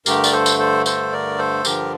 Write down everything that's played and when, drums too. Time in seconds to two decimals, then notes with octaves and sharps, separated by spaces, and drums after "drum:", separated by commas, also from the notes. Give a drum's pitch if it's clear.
0.06 G2 D3 A3 G4 A#4, drum: tambourine
0.24 D5, drum: tambourine
0.32 A4 C5
0.46 drum: tambourine
0.59 A4 C5
0.86 A4 C5, drum: tambourine
1.12 A#4 D5
1.38 A4 C5
1.65 G2 D3 F3 G4 A#4, drum: tambourine